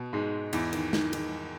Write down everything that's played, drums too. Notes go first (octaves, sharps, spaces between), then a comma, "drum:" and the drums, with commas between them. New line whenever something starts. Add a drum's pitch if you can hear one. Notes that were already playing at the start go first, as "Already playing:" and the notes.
Already playing: B2 B3
G#2 G#3
E2 E3, drum: cymbal
D#3, drum: cymbal
D#3, drum: snare
D#3, drum: cymbal